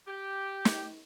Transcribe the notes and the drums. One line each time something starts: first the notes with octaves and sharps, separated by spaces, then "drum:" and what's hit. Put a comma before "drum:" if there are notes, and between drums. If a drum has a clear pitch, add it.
G4
drum: snare